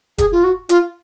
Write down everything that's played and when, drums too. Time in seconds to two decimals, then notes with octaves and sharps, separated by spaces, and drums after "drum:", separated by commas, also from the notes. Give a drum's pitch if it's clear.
0.18 G#4, drum: kick F1, hi-hat
0.32 F4
0.44 F#4
0.69 F4, drum: hi-hat